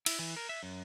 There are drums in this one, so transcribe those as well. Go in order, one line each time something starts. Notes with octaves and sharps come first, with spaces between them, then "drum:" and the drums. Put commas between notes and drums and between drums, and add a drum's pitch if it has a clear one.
E4, drum: cymbal
E3
A#4
E5
F#2